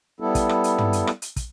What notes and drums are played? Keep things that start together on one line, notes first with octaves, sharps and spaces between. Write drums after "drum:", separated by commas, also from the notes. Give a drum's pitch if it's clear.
G3 B3 E4 A4
drum: kick, hi-hat
drum: rim click
drum: hi-hat
drum: tom
drum: hi-hat
drum: rim click
drum: hi-hat
drum: kick, hi-hat